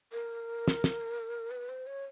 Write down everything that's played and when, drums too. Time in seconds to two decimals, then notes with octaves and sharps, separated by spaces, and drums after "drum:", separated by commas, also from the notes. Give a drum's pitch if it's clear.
0.12 A#4
0.68 drum: snare
0.84 drum: snare
1.51 B4
1.69 C5
1.87 C#5